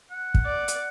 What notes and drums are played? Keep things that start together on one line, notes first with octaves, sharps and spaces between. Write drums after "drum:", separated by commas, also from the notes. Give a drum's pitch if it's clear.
F#5
drum: kick
D5
drum: hi-hat